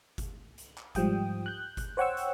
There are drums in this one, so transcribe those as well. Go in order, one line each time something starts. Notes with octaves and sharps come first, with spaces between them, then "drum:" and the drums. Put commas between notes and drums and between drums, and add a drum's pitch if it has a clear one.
drum: kick G1, hi-hat
drum: hi-hat
drum: clap
G#2 F3 G3 G5 D#6, drum: kick G1, hi-hat
F#6 G6
drum: kick G1, hi-hat
C5 C#5 F#5 G5 C#6 E6
drum: hi-hat